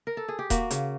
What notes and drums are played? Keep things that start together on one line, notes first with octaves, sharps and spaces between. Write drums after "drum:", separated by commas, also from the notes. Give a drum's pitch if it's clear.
A#4
A4
G#4
G4
A#3 F#4, drum: kick D#1, hi-hat
C#3, drum: hi-hat